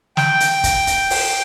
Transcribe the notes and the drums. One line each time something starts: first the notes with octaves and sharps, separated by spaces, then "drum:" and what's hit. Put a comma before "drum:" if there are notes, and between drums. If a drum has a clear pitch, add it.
G5, drum: snare
drum: hi-hat
drum: kick, hi-hat
drum: hi-hat
drum: open hi-hat